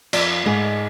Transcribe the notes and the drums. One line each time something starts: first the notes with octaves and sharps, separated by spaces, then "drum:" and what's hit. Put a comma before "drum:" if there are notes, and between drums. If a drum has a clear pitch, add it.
F2, drum: cymbal
G#2 G#3 G#4